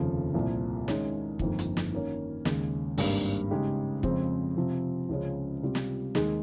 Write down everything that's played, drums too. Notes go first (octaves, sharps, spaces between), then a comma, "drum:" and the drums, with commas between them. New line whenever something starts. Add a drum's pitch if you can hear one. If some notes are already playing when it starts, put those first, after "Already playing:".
Already playing: F1 D#2 C#3 F3
C2 A#2 F3
D#3 G#3 C#4, drum: snare
G1 F2 D#3 A#3, drum: kick
drum: hi-hat
drum: snare
D#3 A#3 C#4
D#2 C#3 G#3, drum: snare
G#1 G2 G3 A#3, drum: open hi-hat
C#3 G#3 D#4 G4
F2 C#3 G#3 C4, drum: kick
C3 F3 C4
C#2 C#3 F3 G#3 C#4
C3 G3 C4 F4
drum: snare
D#2 D#3 G#3 D#4 G#4, drum: snare